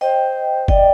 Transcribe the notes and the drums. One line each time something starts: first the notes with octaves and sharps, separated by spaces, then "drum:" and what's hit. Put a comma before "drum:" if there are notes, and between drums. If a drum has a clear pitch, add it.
C5 D#5 G5
D5 D#5 G5, drum: kick F#1